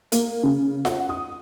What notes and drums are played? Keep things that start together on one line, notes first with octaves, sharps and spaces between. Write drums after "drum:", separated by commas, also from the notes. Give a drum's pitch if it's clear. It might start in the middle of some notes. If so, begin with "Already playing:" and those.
A#3, drum: hi-hat
C#3
F#5, drum: snare F4
D#6